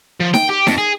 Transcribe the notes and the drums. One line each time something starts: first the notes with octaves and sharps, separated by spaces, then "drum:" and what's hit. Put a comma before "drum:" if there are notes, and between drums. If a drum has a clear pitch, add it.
F3
G5, drum: snare D#4
G4
F2, drum: snare D#4
G#4